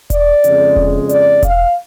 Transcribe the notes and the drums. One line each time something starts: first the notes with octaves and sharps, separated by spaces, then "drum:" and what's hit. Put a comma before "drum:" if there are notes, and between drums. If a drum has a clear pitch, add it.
D5, drum: kick E1, hi-hat
F2 C#3 G#3, drum: hi-hat
drum: kick E1
D5, drum: hi-hat
F5, drum: kick E1, hi-hat